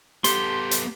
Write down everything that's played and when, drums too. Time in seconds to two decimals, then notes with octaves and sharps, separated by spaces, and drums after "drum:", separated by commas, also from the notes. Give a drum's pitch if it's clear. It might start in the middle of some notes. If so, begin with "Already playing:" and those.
0.24 B3 G4 A4 C6, drum: hi-hat
0.71 drum: hi-hat